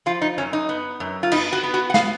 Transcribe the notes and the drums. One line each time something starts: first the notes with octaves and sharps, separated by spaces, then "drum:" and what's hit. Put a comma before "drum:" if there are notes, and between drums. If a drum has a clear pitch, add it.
F3 F4
D#4
F#2 C#4
D#4
B3
F#2
F4
B3 D#4, drum: cymbal
F#4
B3
F#4
F#5
B3 F5, drum: snare